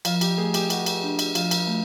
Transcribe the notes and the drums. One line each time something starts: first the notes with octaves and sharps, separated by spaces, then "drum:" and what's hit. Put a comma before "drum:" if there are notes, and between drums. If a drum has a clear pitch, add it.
F3 F4, drum: cymbal
G4, drum: cymbal
A3 G#4
G4, drum: cymbal
F#4 G4, drum: cymbal
drum: cymbal
D4
drum: cymbal
F3 F4, drum: cymbal
drum: cymbal
A3